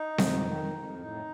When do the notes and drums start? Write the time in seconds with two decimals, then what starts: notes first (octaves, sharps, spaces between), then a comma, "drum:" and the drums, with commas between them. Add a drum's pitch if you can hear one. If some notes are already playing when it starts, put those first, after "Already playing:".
Already playing: D#4
0.18 F2, drum: snare C4
0.44 D#3
0.72 F2
0.98 A2 D#4